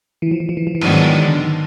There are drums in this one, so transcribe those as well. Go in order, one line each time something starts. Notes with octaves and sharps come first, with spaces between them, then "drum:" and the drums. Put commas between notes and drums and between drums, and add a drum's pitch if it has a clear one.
E3
F3
E3
F3
E3
F3
E3
G#2 D#3 F3 F#3 B3 D4, drum: cymbal
E3
D3
D#3